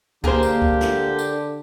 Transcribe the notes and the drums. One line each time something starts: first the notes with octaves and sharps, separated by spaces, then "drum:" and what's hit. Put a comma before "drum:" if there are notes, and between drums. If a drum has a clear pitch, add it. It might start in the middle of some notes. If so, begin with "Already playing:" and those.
D3 A#3 G4 G#4 A#4 C5, drum: kick C#2
drum: tambourine
drum: kick C#2
drum: snare
drum: tambourine